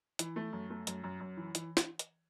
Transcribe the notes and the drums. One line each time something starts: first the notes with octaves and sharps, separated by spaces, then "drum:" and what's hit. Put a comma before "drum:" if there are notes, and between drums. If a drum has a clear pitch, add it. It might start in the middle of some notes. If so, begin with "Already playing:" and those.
E3, drum: hi-hat
A3
F#2
A3
F#2, drum: hi-hat
F#2
F#2
E3
E3, drum: hi-hat
drum: snare
drum: hi-hat